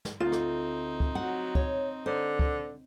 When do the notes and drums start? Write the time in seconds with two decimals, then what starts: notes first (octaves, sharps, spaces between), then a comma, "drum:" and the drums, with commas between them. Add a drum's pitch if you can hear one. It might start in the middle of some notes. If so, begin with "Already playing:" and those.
0.05 drum: snare
0.20 D2 C4 D#4 F4
0.32 drum: rim click
1.00 drum: kick C#2
1.15 F#3 F#5
1.55 C#5, drum: kick C#2
2.06 D3 C5
2.39 drum: kick C#2